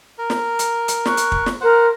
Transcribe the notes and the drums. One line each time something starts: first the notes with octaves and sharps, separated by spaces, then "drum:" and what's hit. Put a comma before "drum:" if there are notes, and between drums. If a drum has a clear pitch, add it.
A#4
drum: snare
drum: hi-hat
drum: hi-hat
C#6 F#6, drum: snare
drum: hi-hat
drum: kick
drum: snare
A#4 C5 F#5